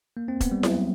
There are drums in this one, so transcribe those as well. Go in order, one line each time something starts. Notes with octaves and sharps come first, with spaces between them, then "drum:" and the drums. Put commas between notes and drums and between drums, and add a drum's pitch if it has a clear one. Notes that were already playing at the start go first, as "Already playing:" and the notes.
A#3
C4
B3, drum: kick E1, hi-hat
G3
F#3, drum: snare E4